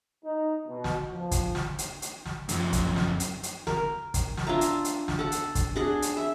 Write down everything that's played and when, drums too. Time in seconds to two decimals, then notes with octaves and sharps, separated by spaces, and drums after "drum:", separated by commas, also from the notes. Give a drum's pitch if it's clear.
0.24 D#4
0.66 B2
0.84 drum: snare
1.11 F3
1.31 drum: kick, hi-hat
1.55 drum: snare
1.79 drum: hi-hat
2.02 drum: hi-hat
2.26 drum: snare
2.49 F#2 F3, drum: hi-hat
2.73 drum: kick, hi-hat
2.96 drum: snare
3.20 drum: hi-hat
3.43 drum: hi-hat
3.67 A#4, drum: snare
4.14 drum: kick, hi-hat
4.37 drum: snare
4.47 D4 F4 E5 A#5
4.61 drum: hi-hat
4.85 drum: hi-hat
5.08 drum: snare
5.19 A4 F#5
5.32 drum: hi-hat
5.55 drum: kick, hi-hat
5.76 D4 G#4 F#5
6.02 drum: hi-hat
6.17 E5